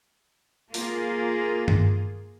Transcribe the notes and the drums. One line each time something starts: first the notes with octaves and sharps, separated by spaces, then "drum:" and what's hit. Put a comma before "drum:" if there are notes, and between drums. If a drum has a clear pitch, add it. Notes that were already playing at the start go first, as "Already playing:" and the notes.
A#3 F4 G#4, drum: open hi-hat
drum: tom G2